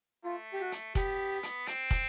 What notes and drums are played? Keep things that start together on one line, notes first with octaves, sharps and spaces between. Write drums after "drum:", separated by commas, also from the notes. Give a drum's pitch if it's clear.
A3 F4
G4
F#4
drum: hi-hat
B3 G4, drum: kick, hi-hat
drum: hi-hat
C4, drum: hi-hat
drum: kick, hi-hat